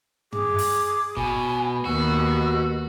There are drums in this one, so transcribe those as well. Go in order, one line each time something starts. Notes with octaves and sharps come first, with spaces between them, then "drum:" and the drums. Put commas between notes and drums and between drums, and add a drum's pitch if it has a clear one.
G#4 D6, drum: tom
drum: open hi-hat
B2 G#5 B5, drum: kick G1
D#2 B3 F#4 E6